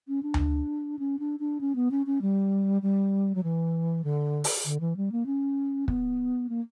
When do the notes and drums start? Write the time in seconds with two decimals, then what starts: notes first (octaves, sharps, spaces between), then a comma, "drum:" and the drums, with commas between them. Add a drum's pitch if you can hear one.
0.08 C#4
0.23 D4
0.34 drum: tom D2
0.99 C#4
1.19 D4
1.40 D4
1.61 C#4
1.75 B3
1.91 C#4
2.06 C#4
2.22 G3
2.82 G3
3.35 F#3
3.43 E3
4.04 D3
4.44 drum: open hi-hat
4.65 D3
4.80 E3
4.97 G3
5.12 A#3
5.26 C#4
5.88 B3, drum: kick
6.49 A#3